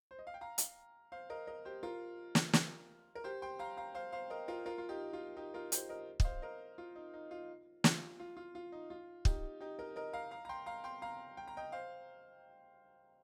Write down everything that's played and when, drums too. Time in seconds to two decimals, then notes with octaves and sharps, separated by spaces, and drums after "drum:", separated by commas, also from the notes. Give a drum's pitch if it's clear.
0.11 C5
0.19 D#5
0.27 F5
0.34 G5
0.41 F5 A#5
0.58 drum: hi-hat
1.12 C5 F5
1.30 A#4 D#5
1.47 A#4 D#5
1.65 G4 C5
1.83 F4 A#4
2.35 drum: snare
2.53 drum: snare
3.15 A#4
3.24 G4 C5
3.42 G5 C6
3.59 F5 A#5
3.77 F5 A#5
3.95 C5 F5
4.12 C5 F5
4.30 A#4 D#5
4.48 F4 A#4
4.66 F4 A#4
4.78 F4
4.89 D#4 G4
5.13 F4
5.37 D#4 G4
5.54 F4 A#4
5.72 G4 C5, drum: hi-hat
5.89 A#4 D#5
6.20 D#5, drum: kick
6.24 C5 F5
6.42 A#4 D#5
6.78 F4
6.96 D#4
7.14 D#4
7.31 F4
7.84 F4, drum: snare
8.20 F4
8.37 F4
8.55 F4
8.72 D#4
8.90 F4
9.25 D#4 G4, drum: kick
9.60 D#4 G4
9.79 A#4 D#5
9.96 A#4 D#5
10.13 F5 A#5
10.31 F5 A#5
10.45 A#5
10.49 G5 C6
10.66 F5 A#5
10.84 G5 C6
11.02 F5 A#5
11.37 G5
11.48 A#5
11.57 D#5 G5
11.72 C5 F5